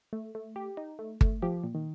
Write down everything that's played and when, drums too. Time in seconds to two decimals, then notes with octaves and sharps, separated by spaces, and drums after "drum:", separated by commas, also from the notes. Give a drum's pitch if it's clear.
0.13 A3
0.35 A3
0.56 G4
0.77 D#4
0.99 A3
1.21 A3, drum: kick G1
1.42 F3 G4
1.64 A#2
1.75 D#3